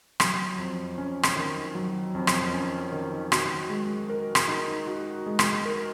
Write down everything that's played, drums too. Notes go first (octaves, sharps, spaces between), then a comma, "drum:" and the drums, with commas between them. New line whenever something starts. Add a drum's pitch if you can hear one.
F#3, drum: rim click
F2
C#4
drum: rim click
D#3
F#3
F2
drum: rim click
C#4
D#3
F#4, drum: rim click
G#3
A#4
drum: rim click
D#4
F#4
G#3
drum: rim click
A#4